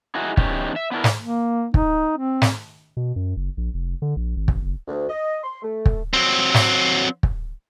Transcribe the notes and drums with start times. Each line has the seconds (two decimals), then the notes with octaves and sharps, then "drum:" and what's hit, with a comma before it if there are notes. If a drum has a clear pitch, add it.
0.15 D#4 E4 F#4 G#4
0.37 E2 C#4 D#4 G4, drum: kick
0.76 E5
0.91 B3 D4 E4 A#4
1.04 drum: snare
1.21 A#3
1.74 D#4, drum: kick
2.17 C4
2.42 drum: snare
2.97 B2
3.16 F#2
3.37 F#1
3.57 A#1
3.74 F1
4.02 D3
4.16 A#1
4.37 G#1
4.48 drum: kick
4.62 F#1
4.88 D2
5.10 D#5
5.44 C6
5.63 A3
5.86 drum: kick
6.14 F#3 C4
6.54 drum: snare
7.23 drum: kick